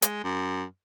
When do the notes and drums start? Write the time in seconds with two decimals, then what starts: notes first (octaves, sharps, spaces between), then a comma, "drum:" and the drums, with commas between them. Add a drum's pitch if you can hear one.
0.02 G#3, drum: hi-hat
0.24 F#2